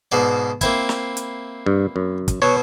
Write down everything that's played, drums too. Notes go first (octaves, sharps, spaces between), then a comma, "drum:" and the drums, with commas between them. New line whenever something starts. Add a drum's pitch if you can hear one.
G#2 B2 D5
A#3 C4 E4, drum: kick, hi-hat
drum: snare
drum: hi-hat
G2
F#2
drum: kick, hi-hat
B2 F#3 C#5